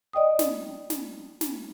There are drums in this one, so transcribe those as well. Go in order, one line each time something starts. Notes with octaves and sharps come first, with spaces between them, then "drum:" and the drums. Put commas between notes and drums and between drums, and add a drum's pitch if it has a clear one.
D5 D#5 G5 D#6
drum: snare
drum: snare
drum: snare